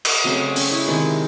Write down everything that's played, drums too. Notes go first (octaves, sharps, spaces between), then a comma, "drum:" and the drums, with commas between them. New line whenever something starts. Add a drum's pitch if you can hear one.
drum: cymbal
C#3 F#3 A3 C4
C#4, drum: open hi-hat
E4
C3 D#3 G#3